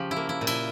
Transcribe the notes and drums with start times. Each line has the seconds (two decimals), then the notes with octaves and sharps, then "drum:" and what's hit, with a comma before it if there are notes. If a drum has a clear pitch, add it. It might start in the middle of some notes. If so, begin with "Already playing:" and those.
Already playing: C#3 F3 G4
0.11 E4
0.16 A#3
0.29 E4
0.41 A#2
0.47 E4, drum: cymbal